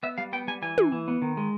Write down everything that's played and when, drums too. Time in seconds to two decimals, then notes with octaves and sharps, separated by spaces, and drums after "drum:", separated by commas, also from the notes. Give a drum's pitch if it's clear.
0.03 B3 E5
0.18 G3 F5
0.33 B3 G5
0.48 G3 G#5
0.62 E3 G#5
0.78 E3, drum: tom
0.92 E3
1.08 B3
1.22 D#3
1.37 G#3